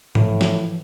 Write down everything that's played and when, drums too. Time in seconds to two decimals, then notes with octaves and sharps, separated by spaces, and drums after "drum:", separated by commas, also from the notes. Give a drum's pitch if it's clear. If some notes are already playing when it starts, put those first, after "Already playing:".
0.15 A2 E3 F3, drum: tom G#2
0.41 drum: snare